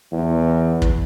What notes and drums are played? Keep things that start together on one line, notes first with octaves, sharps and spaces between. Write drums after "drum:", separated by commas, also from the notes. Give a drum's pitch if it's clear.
E2
drum: kick